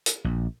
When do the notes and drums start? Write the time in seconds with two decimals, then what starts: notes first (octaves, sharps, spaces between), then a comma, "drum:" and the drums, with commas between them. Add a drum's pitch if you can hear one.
0.06 drum: hi-hat
0.25 A#1